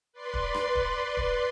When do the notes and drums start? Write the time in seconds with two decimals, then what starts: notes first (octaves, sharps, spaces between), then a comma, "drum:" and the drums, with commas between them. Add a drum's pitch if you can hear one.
0.13 B4 D5 C6
0.34 drum: kick
0.54 drum: rim click
0.75 drum: kick
1.17 drum: kick